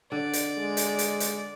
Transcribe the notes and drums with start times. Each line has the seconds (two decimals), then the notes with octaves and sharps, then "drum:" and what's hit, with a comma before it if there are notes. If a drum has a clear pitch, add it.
0.12 D3 D5
0.33 drum: hi-hat
0.58 G#3
0.77 drum: hi-hat
0.99 drum: hi-hat
1.20 drum: hi-hat